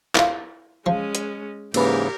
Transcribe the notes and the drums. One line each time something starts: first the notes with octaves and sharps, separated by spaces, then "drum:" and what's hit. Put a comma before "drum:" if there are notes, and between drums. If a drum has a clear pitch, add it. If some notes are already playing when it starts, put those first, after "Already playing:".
E4 F4, drum: clap
F3 G#3 C#4
drum: hi-hat
G#2 C#3 E3 A#3 C#4 G4 A#4 B4, drum: cymbal